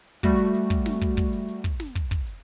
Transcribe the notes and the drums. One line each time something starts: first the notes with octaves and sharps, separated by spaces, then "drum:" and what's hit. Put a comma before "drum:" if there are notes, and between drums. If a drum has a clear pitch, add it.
G3 A3 F#4, drum: kick, hi-hat
drum: hi-hat
drum: hi-hat
drum: kick
drum: snare
drum: kick, hi-hat
drum: kick, hi-hat
drum: hi-hat
drum: hi-hat
drum: kick, hi-hat
drum: snare
drum: kick, hi-hat
drum: kick, hi-hat
drum: hi-hat